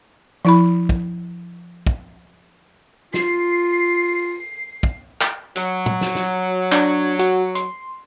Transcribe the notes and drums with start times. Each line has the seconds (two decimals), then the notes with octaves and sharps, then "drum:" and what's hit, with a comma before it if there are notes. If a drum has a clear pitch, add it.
0.45 F3 E4 B5
0.89 drum: kick
1.87 drum: kick
3.14 F4 C7, drum: snare
4.83 drum: kick
5.21 drum: clap
5.56 F#3, drum: hi-hat
5.86 drum: tom
6.01 drum: snare
6.15 drum: snare
6.72 D4 G#6, drum: clap
7.19 F#4, drum: hi-hat
7.55 C6, drum: hi-hat